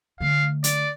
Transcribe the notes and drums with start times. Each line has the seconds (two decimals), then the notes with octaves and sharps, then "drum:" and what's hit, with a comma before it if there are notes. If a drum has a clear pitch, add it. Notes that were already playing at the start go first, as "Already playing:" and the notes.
0.20 D3 A3 F5
0.64 D5, drum: hi-hat